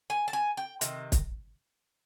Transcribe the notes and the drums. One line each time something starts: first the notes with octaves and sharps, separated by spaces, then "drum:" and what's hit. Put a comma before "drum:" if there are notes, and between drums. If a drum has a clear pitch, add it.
G#5
A5
G#5
G5
C3 D#3, drum: hi-hat
drum: kick, hi-hat